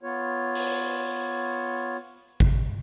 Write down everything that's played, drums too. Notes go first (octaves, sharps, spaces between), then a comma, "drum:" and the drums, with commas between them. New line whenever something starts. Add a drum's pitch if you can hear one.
B3 F4 C#5
drum: open hi-hat
drum: kick